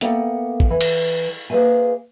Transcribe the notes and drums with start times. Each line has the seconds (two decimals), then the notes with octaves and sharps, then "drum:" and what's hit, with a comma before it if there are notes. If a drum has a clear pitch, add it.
0.01 A#3 B3 A4 E5 G5, drum: hi-hat
0.60 drum: kick
0.70 E3
0.81 drum: cymbal
1.50 A#3 G#4 B4 C5 E5 G#5